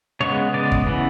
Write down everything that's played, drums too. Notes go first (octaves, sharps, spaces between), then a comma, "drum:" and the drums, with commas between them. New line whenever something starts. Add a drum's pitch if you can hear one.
C#3 G#3 B3 C#5
C#3 G#3 B3 D5
drum: kick G1
C#3 E3 B3